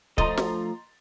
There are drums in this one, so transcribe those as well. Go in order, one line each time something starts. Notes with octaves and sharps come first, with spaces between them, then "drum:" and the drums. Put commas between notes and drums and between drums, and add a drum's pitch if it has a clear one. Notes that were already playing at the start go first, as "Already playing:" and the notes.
F3 A3 D4 D#5 A#5 C6 A6, drum: kick
drum: snare